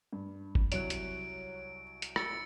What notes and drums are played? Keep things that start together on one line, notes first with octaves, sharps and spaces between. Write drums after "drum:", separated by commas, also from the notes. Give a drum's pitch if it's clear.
G2
drum: kick G1
C2 F#3 C#5 F#6 D7, drum: hi-hat
drum: hi-hat
drum: hi-hat
E6 A6 C#7, drum: rim click